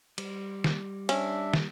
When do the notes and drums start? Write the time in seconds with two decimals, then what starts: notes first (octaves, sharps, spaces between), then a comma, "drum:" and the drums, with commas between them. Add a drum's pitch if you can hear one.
0.18 G3, drum: cymbal
0.64 drum: snare
1.09 C#4 D4 E5, drum: cymbal
1.54 drum: snare